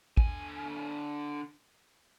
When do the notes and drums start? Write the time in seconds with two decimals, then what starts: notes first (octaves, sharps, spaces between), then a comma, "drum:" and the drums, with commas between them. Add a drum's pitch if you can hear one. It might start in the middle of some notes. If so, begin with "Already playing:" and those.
0.17 D3 G#5, drum: kick